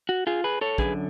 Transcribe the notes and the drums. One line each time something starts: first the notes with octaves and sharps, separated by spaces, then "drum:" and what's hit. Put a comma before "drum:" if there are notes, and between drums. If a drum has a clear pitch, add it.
F#4
F4 G#4
G#4 B4
A4 C#5
F#2 D3 F#3 G#4 B4, drum: kick